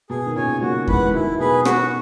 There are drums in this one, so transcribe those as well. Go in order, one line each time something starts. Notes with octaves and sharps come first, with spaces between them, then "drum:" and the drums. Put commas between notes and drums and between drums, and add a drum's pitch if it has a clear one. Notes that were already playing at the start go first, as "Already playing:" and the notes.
B2 G#4
D#3
A#2 C#3 C#5 G#5
F#3 A#3 F#4
E3 G#3 B4 F#5, drum: kick E2
G#3
D#3 F#3 E4
B2 G#4 B4
F#4, drum: rim click